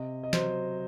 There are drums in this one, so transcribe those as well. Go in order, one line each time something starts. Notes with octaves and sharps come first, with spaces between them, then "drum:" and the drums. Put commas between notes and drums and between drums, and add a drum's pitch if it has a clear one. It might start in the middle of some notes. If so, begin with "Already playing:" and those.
Already playing: C3 D#5
D#5
F#3 C5, drum: snare